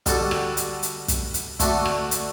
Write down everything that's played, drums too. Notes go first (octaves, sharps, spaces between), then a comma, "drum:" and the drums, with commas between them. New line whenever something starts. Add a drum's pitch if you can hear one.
D3 G3 D4 F#4 A4, drum: kick, hi-hat
drum: rim click
drum: hi-hat
drum: hi-hat
drum: kick, hi-hat
drum: hi-hat
D3 A3 D4 F#4, drum: kick, hi-hat
drum: rim click
drum: hi-hat